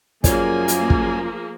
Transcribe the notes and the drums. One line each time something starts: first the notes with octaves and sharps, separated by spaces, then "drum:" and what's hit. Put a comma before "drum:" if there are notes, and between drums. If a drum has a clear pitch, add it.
F#2 F3 A#3 F4 G#4 C#5 D5 G#5, drum: kick, hi-hat
drum: hi-hat
drum: kick